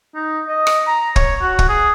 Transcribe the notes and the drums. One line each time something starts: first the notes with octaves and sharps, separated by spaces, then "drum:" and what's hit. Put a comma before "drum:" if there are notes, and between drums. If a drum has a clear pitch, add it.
D#4
D#5
drum: rim click
A#5
C#5, drum: kick
F#4
drum: kick
G#4